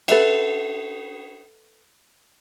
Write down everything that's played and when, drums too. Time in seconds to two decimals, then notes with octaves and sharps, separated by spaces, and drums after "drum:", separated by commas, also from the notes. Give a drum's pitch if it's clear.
0.08 A4 B4 E5 F#5, drum: cymbal